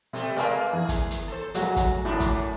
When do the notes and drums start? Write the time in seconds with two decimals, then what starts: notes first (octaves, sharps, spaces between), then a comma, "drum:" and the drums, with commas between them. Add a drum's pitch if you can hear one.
0.13 C3 G3 A3 C4
0.36 G#3 A#3 B4 D5 F5
0.73 E2 G#4
0.89 drum: kick, hi-hat
1.11 drum: hi-hat
1.28 A4 C5
1.55 F#2 F#3 G#3 F#4, drum: hi-hat
1.76 drum: kick, hi-hat
2.05 F#2 A2 D4
2.20 drum: kick, hi-hat